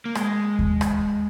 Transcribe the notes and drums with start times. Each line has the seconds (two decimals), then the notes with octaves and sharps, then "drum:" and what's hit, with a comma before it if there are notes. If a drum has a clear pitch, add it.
0.05 A#3
0.15 G#3, drum: rim click
0.59 drum: kick D#2
0.81 drum: rim click